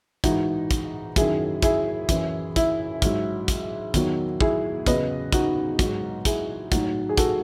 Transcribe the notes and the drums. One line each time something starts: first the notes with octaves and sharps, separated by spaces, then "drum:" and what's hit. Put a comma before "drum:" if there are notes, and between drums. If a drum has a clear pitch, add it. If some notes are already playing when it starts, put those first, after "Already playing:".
G#2 E3 D#4 F#4, drum: kick, hi-hat
drum: kick, hi-hat
F#2 D#3 F#3 E4 G#4, drum: kick, hi-hat
E4 G#4, drum: kick, hi-hat
F#2 E3, drum: kick, hi-hat
E4, drum: kick, hi-hat
G#2 F#3, drum: kick, hi-hat
drum: kick, hi-hat
E2 D#3 F#3, drum: kick, hi-hat
E4 G#4, drum: kick
E2 C#3 F#3 B4 D#5, drum: kick, hi-hat
D#4 F#4, drum: kick, hi-hat
G#2 F#3, drum: kick, hi-hat
E4 G#4, drum: kick, hi-hat
A2 F#3 D#4 F#4, drum: kick, hi-hat
G#4
F#4 A4, drum: kick, hi-hat